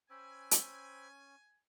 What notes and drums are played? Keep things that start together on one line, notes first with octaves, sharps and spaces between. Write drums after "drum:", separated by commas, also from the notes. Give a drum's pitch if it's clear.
C#4 C5 G5 G#5 B5 E6
drum: hi-hat